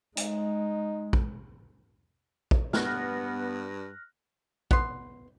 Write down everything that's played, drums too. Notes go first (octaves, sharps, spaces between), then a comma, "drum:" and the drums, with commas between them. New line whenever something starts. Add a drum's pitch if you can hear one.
G#3 D#4, drum: hi-hat
drum: kick A#1
drum: kick A#1
G2 B3 F6 F#6 A#6, drum: snare
B3 C6, drum: kick A#1